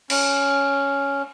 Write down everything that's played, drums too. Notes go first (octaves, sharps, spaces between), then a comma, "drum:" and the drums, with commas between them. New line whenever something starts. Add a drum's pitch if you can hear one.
C#4, drum: cymbal